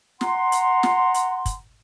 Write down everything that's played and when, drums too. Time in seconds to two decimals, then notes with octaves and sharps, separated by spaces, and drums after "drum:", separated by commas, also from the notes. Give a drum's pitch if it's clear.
0.21 F#5 A#5 C6, drum: snare
0.52 drum: hi-hat
0.83 drum: snare
1.14 drum: hi-hat
1.45 drum: kick, hi-hat